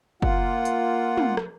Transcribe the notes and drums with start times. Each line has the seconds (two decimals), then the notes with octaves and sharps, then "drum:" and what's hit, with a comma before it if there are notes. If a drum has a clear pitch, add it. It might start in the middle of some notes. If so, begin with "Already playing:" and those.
0.22 A#3 F4 F#5, drum: kick F#1
0.65 drum: hi-hat
1.17 drum: tom
1.37 drum: rim click